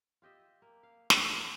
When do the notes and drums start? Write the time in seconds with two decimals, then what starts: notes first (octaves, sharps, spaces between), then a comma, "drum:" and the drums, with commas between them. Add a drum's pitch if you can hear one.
0.22 F4 G4 D#5 E5
0.62 A#3
0.83 F5
1.10 A#3 F4 A#4 B4, drum: snare